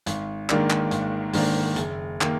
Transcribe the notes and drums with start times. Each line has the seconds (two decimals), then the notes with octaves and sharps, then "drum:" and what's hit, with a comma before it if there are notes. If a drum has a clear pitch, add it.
0.06 G#1, drum: hi-hat
0.50 G#2 D#3 A#3 D4, drum: clap
0.70 drum: clap
0.91 G#1, drum: hi-hat
1.33 G#2 D#3 A#3 D4, drum: open hi-hat
1.76 F#1, drum: hi-hat
2.21 D#3 A#3, drum: clap